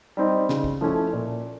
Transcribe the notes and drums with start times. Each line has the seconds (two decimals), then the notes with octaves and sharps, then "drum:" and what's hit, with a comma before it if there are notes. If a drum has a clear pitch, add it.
0.17 G3 C4 D#4
0.49 C#3, drum: snare
0.64 drum: kick
0.81 F3 A3 C#4 E4
1.13 A#2